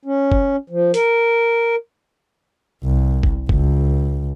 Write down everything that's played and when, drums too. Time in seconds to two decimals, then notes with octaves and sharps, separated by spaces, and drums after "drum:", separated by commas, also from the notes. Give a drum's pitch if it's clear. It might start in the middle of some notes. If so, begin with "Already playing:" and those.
0.05 C#4
0.32 drum: kick F#1
0.70 F3
0.94 A#4, drum: hi-hat
2.84 C2
3.23 drum: kick F#1
3.49 C#2, drum: kick F#1